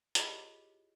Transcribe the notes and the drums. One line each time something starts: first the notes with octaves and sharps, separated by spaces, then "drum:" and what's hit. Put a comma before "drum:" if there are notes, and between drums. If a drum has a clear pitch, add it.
E4 F4 G4 G#4 C#5 D#5, drum: hi-hat